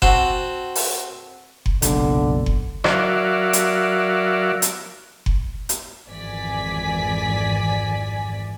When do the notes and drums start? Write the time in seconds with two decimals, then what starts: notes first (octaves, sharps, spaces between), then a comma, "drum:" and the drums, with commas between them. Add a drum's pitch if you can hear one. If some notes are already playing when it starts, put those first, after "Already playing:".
0.02 C4 F#4 F#5 A5, drum: kick F#1
0.75 drum: open hi-hat
1.66 drum: kick F#1
1.82 F#1 B1 A#2 D3, drum: hi-hat
2.46 drum: kick F#1
2.84 F#3 F#4 A#4 D5 E5 F5, drum: rim click
3.53 drum: hi-hat
4.62 drum: hi-hat
5.26 drum: kick F#1
5.69 drum: hi-hat
6.08 G#1 F2 E3 D5 G#5 B6